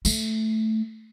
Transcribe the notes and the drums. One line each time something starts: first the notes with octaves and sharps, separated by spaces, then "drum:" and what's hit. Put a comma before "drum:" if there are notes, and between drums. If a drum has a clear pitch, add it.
A3, drum: tambourine